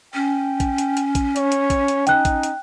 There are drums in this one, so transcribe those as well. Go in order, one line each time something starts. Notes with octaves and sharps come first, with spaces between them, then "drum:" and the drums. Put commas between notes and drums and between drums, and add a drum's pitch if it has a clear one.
C#4 G5
drum: kick A#1, hi-hat
drum: hi-hat
drum: hi-hat
drum: kick A#1, hi-hat
C#5, drum: hi-hat
drum: hi-hat
drum: kick A#1, hi-hat
drum: hi-hat
D#4 G5 F#6, drum: hi-hat
drum: kick A#1, hi-hat
drum: hi-hat